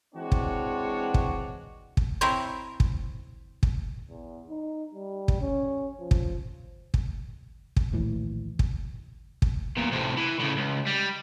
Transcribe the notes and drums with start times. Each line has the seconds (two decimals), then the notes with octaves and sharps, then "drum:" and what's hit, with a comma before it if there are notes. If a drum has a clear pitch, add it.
0.15 E3 G#3 C4 D4 F#4 C#5
0.32 drum: kick
1.14 drum: kick
1.97 drum: kick
2.21 C4 E4 A#4 C5 C#5
2.80 drum: kick
3.63 drum: kick
4.09 E2
4.49 D#4
4.95 G3
5.28 drum: kick
5.41 C#4
5.99 F3
6.11 drum: kick
6.94 drum: kick
7.76 drum: kick
7.92 A#1 D#2 A2 E3
8.59 drum: kick
9.42 drum: kick
9.77 E2 A#2
9.92 A2 C3
10.17 E3
10.40 A2 C#3
10.58 C#2
10.87 G3